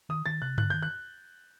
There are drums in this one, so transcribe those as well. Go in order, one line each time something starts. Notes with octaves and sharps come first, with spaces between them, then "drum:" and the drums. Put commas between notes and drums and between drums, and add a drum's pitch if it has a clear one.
D#3 D#6
D#3 A6
C3 F#6
D3 F#6, drum: tom G2
D#3 G6
F#6